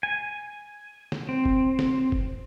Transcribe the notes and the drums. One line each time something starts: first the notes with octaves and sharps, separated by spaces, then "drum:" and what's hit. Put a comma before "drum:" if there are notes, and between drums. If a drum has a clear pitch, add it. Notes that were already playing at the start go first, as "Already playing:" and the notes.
G#5
drum: snare
C4
drum: kick F1
drum: snare
drum: kick F1